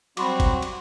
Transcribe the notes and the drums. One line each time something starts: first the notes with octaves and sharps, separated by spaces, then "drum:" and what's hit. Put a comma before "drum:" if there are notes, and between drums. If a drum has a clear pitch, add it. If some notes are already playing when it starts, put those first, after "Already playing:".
F#3 G3 C4 F#4 B5 C6 D6, drum: cymbal
drum: kick G1, cymbal
drum: cymbal